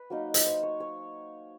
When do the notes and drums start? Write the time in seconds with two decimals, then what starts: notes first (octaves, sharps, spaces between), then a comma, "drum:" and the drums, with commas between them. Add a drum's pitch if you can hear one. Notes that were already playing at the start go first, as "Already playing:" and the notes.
Already playing: B4
0.10 F#3 A#3 D#4
0.34 drum: hi-hat
0.45 C5
0.63 C#5
0.80 C#5